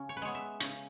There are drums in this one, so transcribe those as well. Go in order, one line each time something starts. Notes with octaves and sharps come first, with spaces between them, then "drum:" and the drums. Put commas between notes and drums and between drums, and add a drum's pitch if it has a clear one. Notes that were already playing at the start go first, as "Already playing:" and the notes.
Already playing: C#3 C#4
C#5
B4
G#3 B3 C#5
E5
C#3 C#5, drum: hi-hat